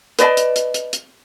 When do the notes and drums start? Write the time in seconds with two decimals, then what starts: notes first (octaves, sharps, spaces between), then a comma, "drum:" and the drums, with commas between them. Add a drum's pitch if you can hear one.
0.19 B4 D5 D#5 A5, drum: hi-hat
0.37 drum: hi-hat
0.56 drum: hi-hat
0.74 drum: hi-hat
0.93 drum: hi-hat